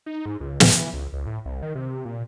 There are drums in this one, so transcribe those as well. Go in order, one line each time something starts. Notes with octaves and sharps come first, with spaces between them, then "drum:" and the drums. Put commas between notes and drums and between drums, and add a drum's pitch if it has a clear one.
D#4
G#2
C#2
D2, drum: snare
E3
C#2
C#2
A2
C2
D#3
C3
A#2